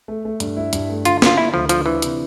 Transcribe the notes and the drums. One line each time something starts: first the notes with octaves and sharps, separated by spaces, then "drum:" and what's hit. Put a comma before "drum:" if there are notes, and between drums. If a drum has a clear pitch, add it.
A3
A3
G2, drum: hi-hat
E4
G2, drum: hi-hat
A3
D3 F4, drum: hi-hat
D3 F4, drum: snare
D3 E4
D2 F3
D3 F3, drum: hi-hat
D3 E3
C3, drum: hi-hat